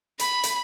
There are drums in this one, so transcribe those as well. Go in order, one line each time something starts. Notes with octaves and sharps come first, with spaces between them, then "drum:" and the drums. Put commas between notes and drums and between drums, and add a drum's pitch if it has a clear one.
B5, drum: hi-hat
drum: hi-hat